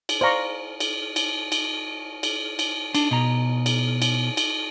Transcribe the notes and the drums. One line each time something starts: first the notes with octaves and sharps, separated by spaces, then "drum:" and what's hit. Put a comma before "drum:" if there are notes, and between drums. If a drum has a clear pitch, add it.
drum: cymbal
C5 D5 F5 A#5 C#6
drum: cymbal
drum: cymbal
drum: cymbal
drum: cymbal
drum: cymbal
D4, drum: cymbal
B2 A#5
drum: cymbal
drum: cymbal
drum: cymbal